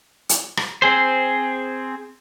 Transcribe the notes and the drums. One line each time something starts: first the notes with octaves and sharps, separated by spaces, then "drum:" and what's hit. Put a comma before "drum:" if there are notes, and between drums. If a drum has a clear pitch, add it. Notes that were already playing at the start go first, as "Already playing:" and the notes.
drum: hi-hat
drum: rim click
C4 G#4 C5